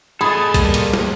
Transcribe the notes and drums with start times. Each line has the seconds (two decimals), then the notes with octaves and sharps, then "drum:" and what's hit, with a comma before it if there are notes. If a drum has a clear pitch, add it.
0.21 G#4 A4 D#5 A5 B5 G#6 A6
0.54 G3 A#3, drum: kick, hi-hat
0.74 drum: hi-hat
0.94 drum: snare